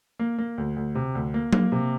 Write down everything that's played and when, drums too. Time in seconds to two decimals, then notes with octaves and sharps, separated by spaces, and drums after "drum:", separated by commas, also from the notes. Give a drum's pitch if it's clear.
0.19 A#3
0.38 A#3
0.58 D2
0.76 D2
0.95 C3
1.15 D2
1.34 A#3
1.53 A#3, drum: tom F#3
1.72 C3